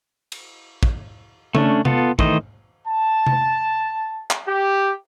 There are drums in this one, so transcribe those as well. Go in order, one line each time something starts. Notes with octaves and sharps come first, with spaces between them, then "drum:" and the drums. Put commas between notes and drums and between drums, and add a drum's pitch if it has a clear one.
drum: cymbal
drum: kick
A3 C#4 D4, drum: tom C#3
B3 F4 A4, drum: tom C3
D#3 E3 A3 C5 D#5, drum: kick
A5
drum: tom C3
drum: clap
G4